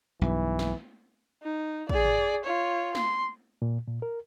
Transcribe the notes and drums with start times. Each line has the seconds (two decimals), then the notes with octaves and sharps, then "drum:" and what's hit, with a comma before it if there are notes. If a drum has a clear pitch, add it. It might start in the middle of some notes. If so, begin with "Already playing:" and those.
0.21 B1 G2 E3
0.59 drum: snare
1.43 D#4
1.89 G#4 D5, drum: kick
2.05 drum: tom
2.44 F4 C#5
2.95 C6, drum: snare
3.62 A#2
3.87 A#2
4.02 A#4